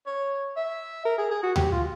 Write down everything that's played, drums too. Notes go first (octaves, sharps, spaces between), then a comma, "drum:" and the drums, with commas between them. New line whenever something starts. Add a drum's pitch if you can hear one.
C#5
E5
A#4
G#4
G#4
F#4
G4, drum: tom D2
F4